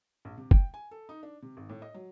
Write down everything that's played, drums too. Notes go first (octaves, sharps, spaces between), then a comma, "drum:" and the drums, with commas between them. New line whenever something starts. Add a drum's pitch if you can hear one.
A#1
C3
G5, drum: kick
G#5
A4
D#4
D4
C3
G#1
A2
D#5
F#3